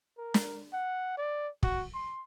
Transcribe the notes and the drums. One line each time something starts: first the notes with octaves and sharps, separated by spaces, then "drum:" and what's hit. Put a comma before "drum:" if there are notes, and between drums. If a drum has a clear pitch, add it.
A#4
drum: snare
F#5
D5
F#4, drum: kick
C6